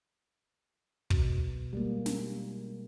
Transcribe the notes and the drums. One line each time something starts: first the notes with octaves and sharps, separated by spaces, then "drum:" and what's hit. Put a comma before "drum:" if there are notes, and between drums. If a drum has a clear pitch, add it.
B2, drum: kick
G3 G#3 A#3
drum: snare